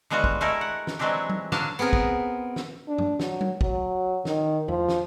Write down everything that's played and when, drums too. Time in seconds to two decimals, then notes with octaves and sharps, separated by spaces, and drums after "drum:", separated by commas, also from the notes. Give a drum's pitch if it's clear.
0.10 D3 G#3 B3 F4 F#4
0.24 drum: kick
0.41 G#3 A3 E4 A4 A#4 E5
0.61 F#5
0.87 drum: snare
0.99 E3 F#3 G#3 C4 D4 G4
1.29 drum: tom F#3
1.52 D3 F#3 D4 F5 A5, drum: snare
1.79 B3 C4 G#4 A#4 B4
1.93 drum: kick
2.56 drum: snare
2.88 D4
2.98 drum: tom G2
3.20 F#3, drum: snare
3.41 drum: tom F#3
3.61 F#3, drum: kick
4.25 D#3, drum: snare
4.68 F3, drum: tom E2
4.89 drum: snare